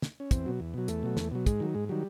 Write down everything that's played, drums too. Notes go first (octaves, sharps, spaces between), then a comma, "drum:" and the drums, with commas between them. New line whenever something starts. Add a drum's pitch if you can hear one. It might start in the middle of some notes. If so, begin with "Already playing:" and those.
drum: snare
C#4
E2 C4, drum: kick, hi-hat
B2 F#3
E2
B2 F#3
E2 A3, drum: hi-hat
B2 F#3
E2, drum: snare
B2 F#3
G#2 G#3, drum: kick, hi-hat
D#3 F#3
G#2 G#3
D#3 F#3 G3